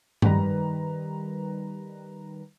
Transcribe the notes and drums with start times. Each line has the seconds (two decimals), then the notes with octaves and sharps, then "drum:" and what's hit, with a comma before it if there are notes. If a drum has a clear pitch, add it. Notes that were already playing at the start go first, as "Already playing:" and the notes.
0.22 D#3 G3 B4 A#5, drum: tom G2